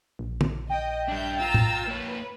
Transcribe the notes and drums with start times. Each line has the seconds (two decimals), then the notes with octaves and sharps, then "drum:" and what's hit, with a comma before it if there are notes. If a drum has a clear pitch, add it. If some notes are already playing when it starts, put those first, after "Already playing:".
0.19 A#1
0.41 drum: tom
0.70 D#5 G5
1.08 G3 D4 E5 G6
1.40 F4 A#5 E6 A6
1.54 drum: tom
1.88 A#3 B4 C#5